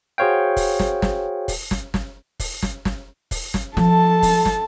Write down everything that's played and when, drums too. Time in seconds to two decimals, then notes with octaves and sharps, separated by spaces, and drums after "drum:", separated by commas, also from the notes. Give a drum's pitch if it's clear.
0.18 F#4 G#4 C5 C#5 F5 G5
0.57 drum: kick, open hi-hat
0.79 drum: snare
1.02 drum: snare
1.48 drum: kick, open hi-hat
1.71 drum: snare
1.94 drum: snare
2.40 drum: kick, open hi-hat
2.62 drum: snare
2.85 drum: snare
3.31 drum: kick, open hi-hat
3.54 drum: snare
3.77 F3 A4 A5, drum: snare
4.23 drum: kick, open hi-hat
4.45 drum: snare